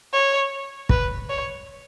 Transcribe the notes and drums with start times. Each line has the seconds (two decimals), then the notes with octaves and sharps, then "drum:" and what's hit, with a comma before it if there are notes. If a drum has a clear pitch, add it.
0.13 C#5
0.89 B4, drum: kick
1.29 C#5